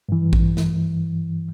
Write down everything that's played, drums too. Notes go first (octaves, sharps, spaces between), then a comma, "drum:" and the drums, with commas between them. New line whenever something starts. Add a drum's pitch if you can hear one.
G2 E3
drum: kick
drum: snare